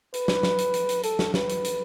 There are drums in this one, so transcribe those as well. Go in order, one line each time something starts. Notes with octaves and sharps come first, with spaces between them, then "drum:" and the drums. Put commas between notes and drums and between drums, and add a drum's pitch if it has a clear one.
B4, drum: hi-hat
drum: snare
drum: snare
drum: hi-hat
drum: hi-hat
drum: hi-hat
A4, drum: hi-hat
drum: snare
B4, drum: snare
drum: hi-hat
drum: hi-hat